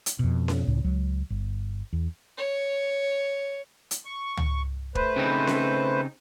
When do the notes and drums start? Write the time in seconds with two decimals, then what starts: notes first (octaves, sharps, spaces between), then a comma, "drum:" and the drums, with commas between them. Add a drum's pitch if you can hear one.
0.06 drum: hi-hat
0.19 F2 B2
0.48 drum: snare C#4
0.67 C#2 A2
0.84 C#2 F#3
1.30 G1
1.93 E2
2.38 C#5
3.91 drum: hi-hat
4.05 C#6
4.37 drum: tom
4.95 A3 B4 C5, drum: kick
5.16 C#3 C4 D#4
5.47 drum: snare C#4